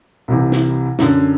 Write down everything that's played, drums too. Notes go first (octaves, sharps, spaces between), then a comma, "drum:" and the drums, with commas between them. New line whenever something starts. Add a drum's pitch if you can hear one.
C2 C3 E3
drum: snare
F#2 D3, drum: snare